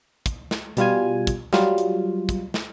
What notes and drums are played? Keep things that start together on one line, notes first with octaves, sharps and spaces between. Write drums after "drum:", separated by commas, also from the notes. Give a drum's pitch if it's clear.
drum: kick, hi-hat
drum: snare
B2 G3 F4 G#5, drum: hi-hat
drum: kick, hi-hat
F#3 G3 F4, drum: snare
drum: hi-hat
drum: kick, hi-hat
drum: snare